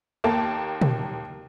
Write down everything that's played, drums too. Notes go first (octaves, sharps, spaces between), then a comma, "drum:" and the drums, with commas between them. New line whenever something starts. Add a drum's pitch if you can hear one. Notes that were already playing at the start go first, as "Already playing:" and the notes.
D#2 A#3 A5
drum: tom